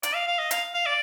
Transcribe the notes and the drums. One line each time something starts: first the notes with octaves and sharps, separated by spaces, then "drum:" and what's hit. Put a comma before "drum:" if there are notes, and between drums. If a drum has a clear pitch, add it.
D5, drum: hi-hat
F5
F5
D#5
F5, drum: hi-hat
F5
D5